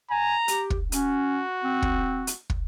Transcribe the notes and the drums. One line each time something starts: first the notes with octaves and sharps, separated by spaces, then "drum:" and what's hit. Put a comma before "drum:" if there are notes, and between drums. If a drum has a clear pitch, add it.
G#5 A#5
G4, drum: hi-hat
drum: kick
C#4 F#4, drum: hi-hat
C4
drum: kick
drum: hi-hat
drum: kick